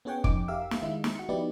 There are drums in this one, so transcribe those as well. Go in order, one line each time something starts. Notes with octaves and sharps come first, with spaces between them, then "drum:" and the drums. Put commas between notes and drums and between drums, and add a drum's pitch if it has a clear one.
B3 C#4 G#4 C#5 F#5 G5
F2 D#4 D6, drum: kick
G4 A#4 E5 F5 E6
drum: snare
D#3 G#3 D#4 E4
drum: snare
F#4 C#7
F3 B3 D#4 E4 G4 D5